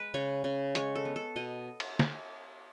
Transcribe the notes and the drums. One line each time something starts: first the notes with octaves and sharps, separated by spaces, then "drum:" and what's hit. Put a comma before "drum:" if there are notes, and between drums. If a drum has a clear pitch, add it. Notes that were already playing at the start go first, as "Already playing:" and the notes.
Already playing: G#3 B4
C#3 C#5
C#3
G#3 C#5, drum: hi-hat
A4
B3
A4
B2 D#5
drum: cymbal
drum: snare